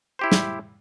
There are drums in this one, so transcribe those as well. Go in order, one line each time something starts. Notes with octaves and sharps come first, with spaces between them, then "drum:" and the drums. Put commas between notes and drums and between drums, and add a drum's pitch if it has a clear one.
E4 G4 C5
drum: snare